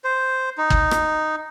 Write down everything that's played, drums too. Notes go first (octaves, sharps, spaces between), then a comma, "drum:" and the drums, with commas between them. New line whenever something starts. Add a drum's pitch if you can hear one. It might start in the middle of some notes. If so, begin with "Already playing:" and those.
C5
D#4
drum: kick
drum: rim click